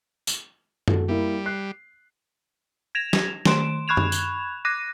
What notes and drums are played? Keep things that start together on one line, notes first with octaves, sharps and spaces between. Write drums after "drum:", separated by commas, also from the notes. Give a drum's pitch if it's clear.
drum: tambourine
F#4 A4, drum: tom F#2
G3 A#3 E4
F#6 C7
G#6 A#6 E7 F7
drum: snare
D#3 C6 D7 E7, drum: snare
B5 C#6 F#6 G#6 E7 F7
drum: tom F#2
drum: tambourine
D6 F#6 A#6 D#7